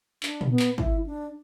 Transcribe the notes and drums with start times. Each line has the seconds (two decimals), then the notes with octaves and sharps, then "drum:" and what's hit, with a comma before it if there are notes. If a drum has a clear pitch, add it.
0.23 D4, drum: clap
0.41 drum: tom A#2
0.50 B3
0.59 drum: clap
0.78 E4, drum: kick
1.06 D4